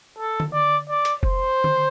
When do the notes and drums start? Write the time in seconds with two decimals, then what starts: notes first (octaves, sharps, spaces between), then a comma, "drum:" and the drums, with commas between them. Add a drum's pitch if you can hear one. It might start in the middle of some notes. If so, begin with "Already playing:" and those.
0.18 A4
0.40 drum: tom D3
0.53 D5
0.89 D5
1.05 drum: hi-hat
1.23 C5, drum: kick F1
1.64 drum: tom D3